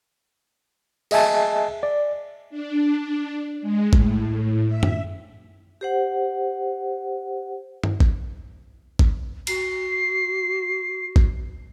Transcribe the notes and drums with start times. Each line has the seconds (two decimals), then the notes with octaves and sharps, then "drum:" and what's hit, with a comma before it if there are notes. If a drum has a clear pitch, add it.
1.11 G#4 D#5 E5 G#5 A5, drum: cymbal
1.83 D5
2.50 D4
3.61 G#3
3.93 A2, drum: kick G#1
4.66 E5
4.83 drum: tom F#2
5.81 G4 C5 F#5
7.84 drum: tom G2
8.00 drum: kick G#1
8.99 drum: kick G#1
9.47 F#4 C7, drum: cymbal
11.16 drum: kick G#1